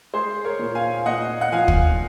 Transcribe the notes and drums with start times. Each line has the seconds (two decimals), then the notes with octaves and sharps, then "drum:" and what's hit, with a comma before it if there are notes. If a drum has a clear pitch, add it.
0.13 G#3 G#4 C5
0.45 A#4 C#5
0.59 A#2
0.75 F5 G#5
1.06 A#2 D#5 F#5
1.41 F#5
1.52 F3 F5 G#5
1.68 drum: kick